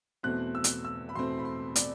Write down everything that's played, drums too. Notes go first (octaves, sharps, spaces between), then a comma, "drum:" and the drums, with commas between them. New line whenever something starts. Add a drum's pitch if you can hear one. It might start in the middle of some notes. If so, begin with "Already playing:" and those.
E2 B2 A3 C4 F#6
E6
drum: hi-hat
E6
B5
E2 B2 A3 C4 C6
B5
C6
D5, drum: hi-hat